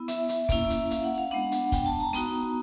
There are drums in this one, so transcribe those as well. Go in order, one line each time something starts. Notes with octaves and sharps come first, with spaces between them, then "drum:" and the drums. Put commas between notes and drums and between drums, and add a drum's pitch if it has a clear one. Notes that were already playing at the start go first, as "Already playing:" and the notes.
Already playing: B3 E4
E5, drum: hi-hat
drum: hi-hat
A#3 C#4 E4, drum: kick, hi-hat
drum: hi-hat
F5, drum: hi-hat
F#5
F5
G#3 B3 D4 F#5
drum: hi-hat
G5, drum: kick, hi-hat
A5
A#5
B3 D#4 F#4, drum: hi-hat